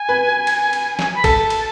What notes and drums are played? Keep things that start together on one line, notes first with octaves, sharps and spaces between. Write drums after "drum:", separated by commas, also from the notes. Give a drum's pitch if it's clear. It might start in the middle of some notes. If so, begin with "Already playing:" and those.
Already playing: G#5
B4
drum: cymbal
drum: cymbal
drum: snare
B5
A4 A5, drum: kick, cymbal
drum: cymbal